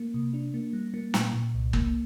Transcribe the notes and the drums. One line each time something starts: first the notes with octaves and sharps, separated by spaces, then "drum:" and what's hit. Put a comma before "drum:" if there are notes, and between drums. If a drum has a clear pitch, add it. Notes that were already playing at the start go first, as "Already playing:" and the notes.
Already playing: A#3
C3
D4
A#3
G3
A#3
A#2, drum: snare
A#2
C2
A#3, drum: kick